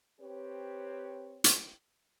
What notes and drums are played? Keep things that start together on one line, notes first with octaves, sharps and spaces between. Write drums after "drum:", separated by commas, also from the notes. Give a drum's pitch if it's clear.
C4 G4 B4 C#5
drum: hi-hat